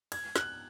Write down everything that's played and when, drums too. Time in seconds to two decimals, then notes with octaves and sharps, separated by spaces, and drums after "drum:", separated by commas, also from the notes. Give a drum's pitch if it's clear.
0.12 G#6, drum: cymbal
0.36 F#6, drum: snare